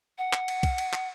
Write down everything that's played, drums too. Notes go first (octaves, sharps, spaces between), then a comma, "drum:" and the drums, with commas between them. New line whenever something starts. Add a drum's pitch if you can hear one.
F#5
drum: clap
drum: cymbal
drum: kick, cymbal
drum: cymbal
drum: clap